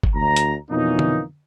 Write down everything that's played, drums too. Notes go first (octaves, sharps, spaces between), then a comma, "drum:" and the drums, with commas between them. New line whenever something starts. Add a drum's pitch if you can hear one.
drum: kick G1
D2 A#5
drum: hi-hat
F2 B2 E3 A#3 C#4 D#4
drum: tom D3